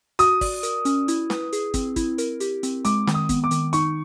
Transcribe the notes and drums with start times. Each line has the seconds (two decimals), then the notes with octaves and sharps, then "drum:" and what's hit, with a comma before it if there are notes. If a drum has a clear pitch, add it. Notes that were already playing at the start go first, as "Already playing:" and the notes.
0.19 F#4 D#6, drum: hi-hat
0.41 D5, drum: kick, open hi-hat
0.63 A#4, drum: hi-hat
0.85 C#4, drum: hi-hat
1.08 E4, drum: hi-hat
1.30 B4, drum: snare
1.53 G#4, drum: hi-hat
1.74 C4, drum: kick, hi-hat
1.96 E4, drum: kick, hi-hat
2.18 A#4, drum: hi-hat
2.40 G4, drum: hi-hat
2.63 C4, drum: hi-hat
2.85 G#3 D6, drum: hi-hat
3.07 D#3, drum: snare
3.14 D#6
3.29 B3, drum: kick, hi-hat
3.44 D6
3.51 D#3, drum: hi-hat
3.73 D#4 C#6, drum: hi-hat